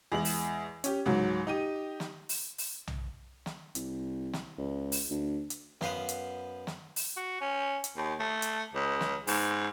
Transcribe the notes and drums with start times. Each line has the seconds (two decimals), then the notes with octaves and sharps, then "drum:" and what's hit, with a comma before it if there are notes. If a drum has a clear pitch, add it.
0.12 E2 G#3 F#7
0.25 drum: open hi-hat
0.84 C#4 G4, drum: hi-hat
1.06 C#2 G#2 F#3
1.47 D#4 G4 D#7
2.00 drum: snare
2.29 drum: open hi-hat
2.58 drum: open hi-hat
2.87 drum: tom B1
3.46 drum: snare
3.75 C2, drum: hi-hat
4.33 drum: snare
4.58 C#2
4.92 drum: open hi-hat
5.10 D2
5.50 drum: hi-hat
5.81 F#2 B3 C5 F5 F#5 D#6, drum: snare
6.09 drum: hi-hat
6.67 drum: snare
6.96 drum: open hi-hat
7.17 F#4
7.41 C#4
7.84 drum: hi-hat
7.96 D#2
8.19 A3
8.42 drum: hi-hat
8.74 C#2
9.01 drum: snare
9.27 G#2, drum: open hi-hat